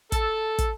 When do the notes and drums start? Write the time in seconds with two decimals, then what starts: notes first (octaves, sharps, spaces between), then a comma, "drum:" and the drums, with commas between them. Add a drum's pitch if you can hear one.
0.12 A4, drum: kick, hi-hat
0.59 drum: kick, hi-hat